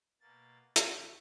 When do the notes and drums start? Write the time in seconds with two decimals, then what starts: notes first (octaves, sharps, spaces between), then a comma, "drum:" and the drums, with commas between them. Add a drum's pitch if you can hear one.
0.20 B2 A#3 A6
0.76 E2 C#3 F3 D#4 B4, drum: hi-hat